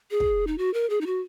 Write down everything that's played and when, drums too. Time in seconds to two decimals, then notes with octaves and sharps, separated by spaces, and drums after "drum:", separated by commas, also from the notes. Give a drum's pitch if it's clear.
0.11 G#4
0.20 drum: kick
0.47 D#4
0.58 F#4
0.74 A#4
0.90 G#4
1.01 D#4
1.06 F#4